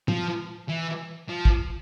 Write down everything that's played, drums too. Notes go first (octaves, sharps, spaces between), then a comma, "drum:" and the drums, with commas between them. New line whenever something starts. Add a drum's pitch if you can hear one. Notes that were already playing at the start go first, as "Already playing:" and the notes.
F3, drum: tom
E3
F3
drum: kick